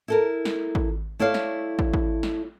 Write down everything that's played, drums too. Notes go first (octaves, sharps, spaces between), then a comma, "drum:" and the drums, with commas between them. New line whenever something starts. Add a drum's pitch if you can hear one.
E4 A4 A#4
drum: snare
drum: kick
A3 E4 C#5 D5 F5
drum: snare
drum: kick
drum: kick
drum: snare